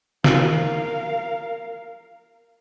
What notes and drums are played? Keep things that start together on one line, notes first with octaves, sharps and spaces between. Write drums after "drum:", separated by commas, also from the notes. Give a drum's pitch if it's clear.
A#4 F5, drum: snare